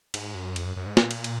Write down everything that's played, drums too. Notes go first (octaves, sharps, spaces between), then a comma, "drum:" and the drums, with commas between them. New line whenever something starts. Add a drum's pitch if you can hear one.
G#2, drum: cymbal
F#2
F2, drum: cymbal
F#2
F#2
G#2
A#2, drum: snare
drum: cymbal
drum: cymbal